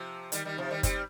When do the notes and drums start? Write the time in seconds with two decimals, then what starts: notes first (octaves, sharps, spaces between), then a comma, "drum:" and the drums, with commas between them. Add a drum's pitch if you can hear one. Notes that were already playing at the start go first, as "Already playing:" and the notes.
Already playing: C3 F3
0.32 D#3 G3, drum: hi-hat
0.45 D#3 G3
0.58 C3 F3
0.71 D#3 G3
0.83 G3 C4, drum: kick, hi-hat